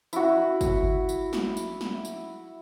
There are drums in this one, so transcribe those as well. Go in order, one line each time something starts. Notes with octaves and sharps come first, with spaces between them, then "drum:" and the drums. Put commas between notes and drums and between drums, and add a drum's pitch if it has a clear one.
E4 F#4, drum: tambourine
drum: kick G1, tambourine
drum: tambourine
drum: snare
drum: tambourine
drum: snare
drum: tambourine